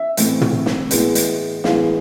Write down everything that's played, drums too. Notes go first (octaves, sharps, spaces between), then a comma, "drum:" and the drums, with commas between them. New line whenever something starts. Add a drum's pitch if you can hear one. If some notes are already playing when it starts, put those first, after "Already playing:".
Already playing: E5
A2 E3 A3 C4, drum: hi-hat
drum: tom
drum: snare
A2 E3 G#3 B3, drum: hi-hat
drum: hi-hat
A2 E3 G#3 B3 F5, drum: snare